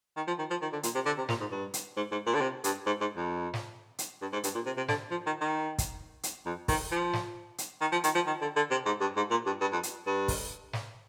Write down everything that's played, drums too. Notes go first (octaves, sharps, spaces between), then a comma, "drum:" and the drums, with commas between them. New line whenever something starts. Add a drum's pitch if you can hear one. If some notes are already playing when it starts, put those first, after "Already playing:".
D#3
F3
D#3
F3
D#3
D3
A#2, drum: hi-hat
C3
D3
C3
A#2, drum: snare
G#2
G2
drum: hi-hat
G#2
G#2
A#2
D3
C3
G2, drum: hi-hat
G#2
G#2
F2
drum: snare
drum: hi-hat
G2
G#2
G2, drum: hi-hat
A#2
C3
C3
D3, drum: snare
F3
D#3
D#3
drum: kick, hi-hat
drum: hi-hat
F2
D#3, drum: kick, open hi-hat
F3
drum: snare
drum: hi-hat
D#3
F3
D#3, drum: hi-hat
F3
D#3
D3
D3
C3
G#2
G2
G#2
A#2
G2
G2
F2
drum: hi-hat
G2
drum: kick, open hi-hat
drum: snare